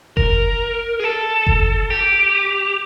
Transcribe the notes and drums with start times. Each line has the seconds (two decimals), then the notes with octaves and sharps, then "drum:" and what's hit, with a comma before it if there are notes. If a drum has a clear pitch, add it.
0.17 A#4, drum: kick F#1
0.99 G#4
1.04 A4
1.47 drum: kick F#1
1.90 G4